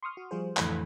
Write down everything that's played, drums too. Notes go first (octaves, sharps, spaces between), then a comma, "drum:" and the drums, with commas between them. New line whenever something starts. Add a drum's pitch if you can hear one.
C6 C#6 D#6 F6
F#4
F3 G3 F4 G#4 C5
F2 A2 D3 E3 A3 B5, drum: clap